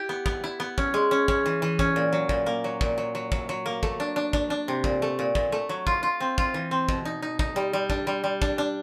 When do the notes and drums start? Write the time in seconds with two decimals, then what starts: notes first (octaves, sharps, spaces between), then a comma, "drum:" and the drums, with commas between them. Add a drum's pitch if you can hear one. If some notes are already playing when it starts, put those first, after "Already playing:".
Already playing: E4 G4
0.09 B3
0.26 B3, drum: kick
0.44 E4
0.60 B3
0.78 C#4, drum: kick
0.94 G#3
1.11 C#4
1.28 C#4, drum: kick
1.46 E3
1.62 E3
1.79 C#4, drum: kick
1.96 A#2
2.13 F#3
2.29 A#2, drum: kick
2.46 A#3
2.64 F#3
2.81 A#2, drum: kick
2.98 F#3
3.15 F#3
3.32 F#3, drum: kick
3.49 F#3
3.66 A#3
3.83 A3, drum: kick
4.00 D4
4.16 D4
4.33 D4, drum: kick
4.50 D4
4.68 C3
4.84 A#2, drum: kick
5.02 A3
5.19 A#2
5.35 A#2, drum: kick
5.52 A3
5.69 F#3
5.87 F4, drum: kick
6.03 F4
6.20 C4
6.38 F4, drum: kick
6.54 E3
6.71 C4
6.89 B2, drum: kick
7.05 D#4
7.22 D#4
7.39 D#4, drum: kick
7.56 G3
7.73 G3
7.90 D4, drum: kick
8.07 G3
8.24 G3
8.42 D4, drum: kick
8.58 D4